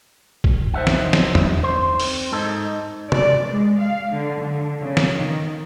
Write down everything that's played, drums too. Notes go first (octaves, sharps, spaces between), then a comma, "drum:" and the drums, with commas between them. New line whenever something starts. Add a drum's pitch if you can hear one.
drum: kick
D#4 C5 E5 F#5
drum: snare
drum: snare
drum: tom E2
C5
C4, drum: open hi-hat
G#2 D#4 A4
D5, drum: tom
G#3
F5
D3
D3
C#3
drum: snare
D#3